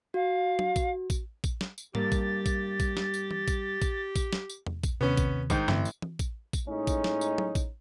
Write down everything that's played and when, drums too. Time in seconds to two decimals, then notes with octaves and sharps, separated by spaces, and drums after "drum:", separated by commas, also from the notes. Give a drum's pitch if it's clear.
0.14 F#4 F5
0.59 drum: tom
0.76 drum: kick A1, tambourine
1.10 drum: kick A1, tambourine
1.44 drum: kick A1, tambourine
1.61 drum: snare
1.78 drum: tambourine
1.95 G2 A#3 G4 A6, drum: tom G#2
2.12 drum: kick A1, tambourine
2.46 drum: kick A1, tambourine
2.80 drum: kick A1, tambourine
2.97 drum: snare
3.14 drum: tambourine
3.31 drum: tom E3
3.48 drum: kick A1, tambourine
3.82 drum: kick A1, tambourine
4.16 drum: kick A1, tambourine
4.33 drum: snare
4.50 drum: tambourine
4.67 drum: tom E2
4.84 drum: kick A1, tambourine
5.01 D#2 C3 B3 C#4
5.17 drum: kick A1, tambourine
5.50 G#2 D#3, drum: kick A1, tambourine
5.68 A1 G2 D3 C4, drum: snare
5.85 drum: tambourine
6.02 drum: tom E3
6.19 drum: kick A1, tambourine
6.53 drum: kick A1, tambourine
6.68 A2 G#3 C#4 D#4
6.87 drum: kick A1, tambourine
7.04 drum: snare
7.21 drum: tambourine
7.38 drum: tom
7.55 drum: kick A1, tambourine